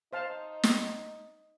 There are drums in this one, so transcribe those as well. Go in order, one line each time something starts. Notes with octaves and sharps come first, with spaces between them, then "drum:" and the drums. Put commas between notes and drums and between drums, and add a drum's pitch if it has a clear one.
D#4 C5 F5 A5
drum: snare